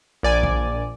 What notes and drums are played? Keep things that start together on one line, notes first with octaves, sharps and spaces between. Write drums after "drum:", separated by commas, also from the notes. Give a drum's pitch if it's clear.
A#1 D5 G#5
drum: kick B1